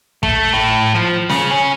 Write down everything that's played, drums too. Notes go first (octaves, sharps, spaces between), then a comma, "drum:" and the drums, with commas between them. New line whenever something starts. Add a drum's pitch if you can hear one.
A3, drum: kick
A2
F3
C#3, drum: snare
C#4